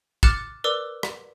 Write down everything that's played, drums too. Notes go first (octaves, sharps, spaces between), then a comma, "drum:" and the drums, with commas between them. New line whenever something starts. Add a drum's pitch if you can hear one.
D6 F6 F#6 A6 C#7 E7, drum: kick
A#4 B4 D5 D6 E6
drum: rim click